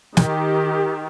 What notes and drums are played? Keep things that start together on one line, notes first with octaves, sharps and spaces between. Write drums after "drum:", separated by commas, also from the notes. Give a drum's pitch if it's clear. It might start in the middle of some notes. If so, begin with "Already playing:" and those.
D#3 G4, drum: snare